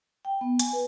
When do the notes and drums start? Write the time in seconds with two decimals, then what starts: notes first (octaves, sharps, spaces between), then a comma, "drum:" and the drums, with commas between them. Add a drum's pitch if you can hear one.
0.25 G5
0.41 B3
0.59 G#5, drum: hi-hat
0.73 B4